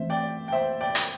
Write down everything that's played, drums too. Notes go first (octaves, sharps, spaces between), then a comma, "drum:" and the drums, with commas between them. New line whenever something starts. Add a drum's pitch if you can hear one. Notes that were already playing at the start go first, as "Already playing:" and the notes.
Already playing: E3 A3 C4 C5 E5
D5 G5
G5
C5 E5
D5 G5
drum: hi-hat